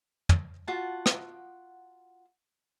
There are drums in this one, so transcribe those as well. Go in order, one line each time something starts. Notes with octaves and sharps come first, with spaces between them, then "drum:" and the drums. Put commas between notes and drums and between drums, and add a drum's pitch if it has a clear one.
drum: tom
F4 F#4 F#5 A5
drum: rim click